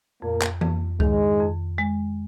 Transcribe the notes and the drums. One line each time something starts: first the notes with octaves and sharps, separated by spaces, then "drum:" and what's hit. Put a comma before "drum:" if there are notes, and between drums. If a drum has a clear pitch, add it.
F2 A#2 A#3
drum: clap
F2, drum: tom E3
G#2 D#3 G#3, drum: kick C#2
F2
G#3